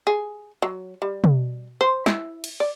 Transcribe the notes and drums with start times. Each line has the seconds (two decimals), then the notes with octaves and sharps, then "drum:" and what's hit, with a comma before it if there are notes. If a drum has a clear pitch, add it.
0.07 G#4
0.62 F#3
1.02 G3
1.24 drum: tom
1.81 C5
2.06 E4, drum: snare
2.44 drum: cymbal
2.60 D5